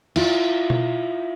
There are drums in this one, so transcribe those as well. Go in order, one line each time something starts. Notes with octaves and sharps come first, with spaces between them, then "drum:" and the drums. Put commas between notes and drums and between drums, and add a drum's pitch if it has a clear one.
E4 F4, drum: cymbal
drum: tom B2